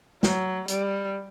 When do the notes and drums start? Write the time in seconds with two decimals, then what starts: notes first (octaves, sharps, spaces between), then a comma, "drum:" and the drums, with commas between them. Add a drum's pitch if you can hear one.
0.23 F#3, drum: snare
0.68 G3, drum: hi-hat